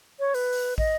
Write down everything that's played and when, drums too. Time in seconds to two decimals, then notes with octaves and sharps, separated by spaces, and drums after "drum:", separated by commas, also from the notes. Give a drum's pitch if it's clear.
0.20 C#5
0.34 B4, drum: open hi-hat
0.53 drum: open hi-hat
0.78 D#5, drum: kick